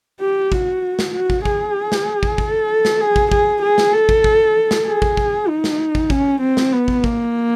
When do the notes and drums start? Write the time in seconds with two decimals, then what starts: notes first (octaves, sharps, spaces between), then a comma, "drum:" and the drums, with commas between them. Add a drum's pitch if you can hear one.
0.21 G4
0.52 F#4, drum: kick
0.99 drum: snare
1.14 F#4
1.30 drum: kick
1.45 G#4, drum: kick
1.92 drum: snare
2.23 drum: kick
2.38 A4, drum: kick
2.85 drum: snare
3.00 G#4
3.16 drum: kick
3.32 G#4, drum: kick
3.62 G#4
3.78 drum: snare
3.93 A4
4.09 drum: kick
4.24 drum: kick
4.71 drum: snare
4.86 G#4
5.02 drum: kick
5.17 drum: kick
5.49 D#4
5.64 drum: snare
5.95 drum: kick
6.10 C#4, drum: kick
6.41 C4
6.57 drum: snare
6.72 B3
6.88 drum: kick
7.04 A#3, drum: kick